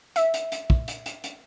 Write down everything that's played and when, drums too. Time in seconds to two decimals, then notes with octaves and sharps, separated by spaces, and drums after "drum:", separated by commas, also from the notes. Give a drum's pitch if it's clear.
0.16 E5, drum: hi-hat
0.34 drum: hi-hat
0.52 drum: hi-hat
0.70 drum: kick
0.88 drum: hi-hat
1.06 drum: hi-hat
1.24 drum: hi-hat